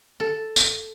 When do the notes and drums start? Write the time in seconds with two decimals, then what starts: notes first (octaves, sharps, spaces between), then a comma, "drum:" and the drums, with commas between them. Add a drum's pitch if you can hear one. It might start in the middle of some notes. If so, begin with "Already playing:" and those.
0.20 A4
0.56 drum: tambourine